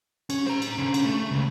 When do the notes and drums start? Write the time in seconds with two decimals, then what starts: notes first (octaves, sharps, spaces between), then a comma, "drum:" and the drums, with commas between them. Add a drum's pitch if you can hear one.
0.30 C#4, drum: cymbal
0.46 C5 A#5, drum: snare
0.62 drum: cymbal
0.78 D3 C#4
0.94 drum: cymbal
1.05 A3
1.31 C#2